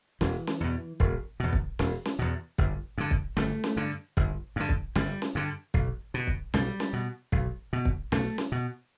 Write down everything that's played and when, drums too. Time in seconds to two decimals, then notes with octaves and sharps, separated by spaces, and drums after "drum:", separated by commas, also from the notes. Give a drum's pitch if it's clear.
0.21 E1 E3, drum: snare
0.47 drum: snare
0.61 E2 B2
1.00 E1, drum: kick
1.40 E2 B2
1.53 drum: kick
1.79 E1, drum: snare
2.05 drum: snare
2.19 E2 B2
2.58 G1, drum: kick
2.98 G2 D3
3.11 drum: kick
3.37 G1 A3, drum: snare
3.64 drum: snare
3.76 G2 D3
4.17 G1, drum: kick
4.56 G2 D3
4.69 drum: kick
4.95 G1 G3, drum: snare
5.22 drum: snare
5.35 G2 D3
5.74 B1, drum: kick
6.14 B2
6.27 drum: kick
6.54 B1 G3, drum: snare
6.80 drum: snare
6.93 B2
7.32 B1, drum: kick
7.73 B2
7.85 drum: kick
8.12 B1 A3, drum: snare
8.38 drum: snare
8.52 B2